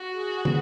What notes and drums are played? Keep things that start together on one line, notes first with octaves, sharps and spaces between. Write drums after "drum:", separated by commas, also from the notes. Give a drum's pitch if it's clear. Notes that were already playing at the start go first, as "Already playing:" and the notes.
Already playing: F#4
G#4
B4, drum: tom